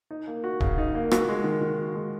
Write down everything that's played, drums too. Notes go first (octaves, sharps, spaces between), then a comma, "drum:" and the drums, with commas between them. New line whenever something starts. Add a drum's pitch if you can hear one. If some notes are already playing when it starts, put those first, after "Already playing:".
D#4
A#3
F#4
C#3, drum: kick D1
D#4
A#3
F#4, drum: rim click
G#3
D#3
D#3
F#4
G#3